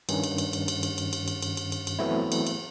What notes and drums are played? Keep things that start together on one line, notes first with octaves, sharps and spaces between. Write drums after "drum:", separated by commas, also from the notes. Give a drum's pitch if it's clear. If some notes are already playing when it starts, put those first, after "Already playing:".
G2 D#3 C#4, drum: cymbal
drum: cymbal
drum: cymbal
drum: cymbal
drum: cymbal
drum: cymbal
drum: cymbal
drum: cymbal
drum: cymbal
drum: cymbal
drum: cymbal
drum: cymbal
drum: cymbal
E3 F#3 A3 B3 C4 E4
drum: cymbal
drum: cymbal